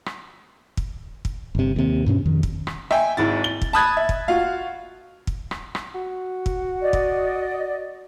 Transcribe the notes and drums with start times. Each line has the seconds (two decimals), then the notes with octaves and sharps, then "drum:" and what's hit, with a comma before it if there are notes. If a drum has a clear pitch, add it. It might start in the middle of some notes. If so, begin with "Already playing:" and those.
0.06 drum: rim click
0.77 drum: kick
1.25 drum: kick
1.55 G1 C3
1.76 D#2 C3
2.06 G2 B2 C4 C#4
2.26 F2 D#3
2.43 drum: kick
2.67 drum: rim click
2.91 E5 G5 G#5, drum: rim click
3.17 G#1 G#2 E4 A6
3.44 G7
3.62 drum: kick
3.73 A5 B5 D#6 F#6 G#6 A6
3.97 E5
4.09 drum: kick
4.28 F4 F#4 F5
5.27 drum: kick
5.51 drum: rim click
5.75 drum: rim click
5.95 F#4
6.46 drum: kick
6.81 D5 D#5
6.93 drum: kick